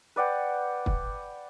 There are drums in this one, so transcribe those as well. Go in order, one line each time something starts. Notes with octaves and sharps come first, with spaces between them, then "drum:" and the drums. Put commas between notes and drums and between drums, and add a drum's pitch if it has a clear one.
B4 D5 F#5 G5
drum: kick